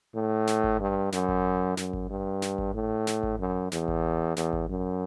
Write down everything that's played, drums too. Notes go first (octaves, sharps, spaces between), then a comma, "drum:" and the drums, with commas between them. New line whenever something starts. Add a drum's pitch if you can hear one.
A2
drum: snare
drum: kick G#1
G2
F#2, drum: snare
drum: kick G#1
F#2, drum: snare
drum: kick G#1
G2
drum: snare
drum: kick G#1
A2
drum: snare
drum: kick G#1
F#2
E2, drum: snare
drum: kick G#1
E2, drum: snare
drum: kick G#1
F#2